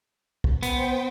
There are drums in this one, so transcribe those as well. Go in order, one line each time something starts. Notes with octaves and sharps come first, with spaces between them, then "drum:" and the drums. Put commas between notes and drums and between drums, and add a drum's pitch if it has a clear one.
drum: kick
B3 C5 G5, drum: hi-hat